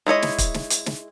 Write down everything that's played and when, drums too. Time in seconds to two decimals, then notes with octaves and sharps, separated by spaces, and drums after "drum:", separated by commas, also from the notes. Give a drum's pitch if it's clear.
0.06 G#3 E4 C#5 D#5
0.22 drum: snare
0.38 drum: kick, hi-hat
0.54 drum: snare
0.70 drum: hi-hat
0.86 drum: snare